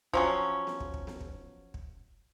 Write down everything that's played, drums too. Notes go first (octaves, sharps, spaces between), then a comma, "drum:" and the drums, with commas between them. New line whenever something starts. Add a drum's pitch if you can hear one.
F3 F#3 C#4, drum: kick
drum: snare B3
drum: kick
drum: kick
drum: snare B3
drum: kick
drum: kick